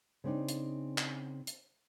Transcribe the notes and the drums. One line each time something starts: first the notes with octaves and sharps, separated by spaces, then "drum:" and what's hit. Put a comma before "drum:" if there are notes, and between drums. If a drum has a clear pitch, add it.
C#3 C4 D4 D#4
drum: hi-hat
drum: clap
drum: hi-hat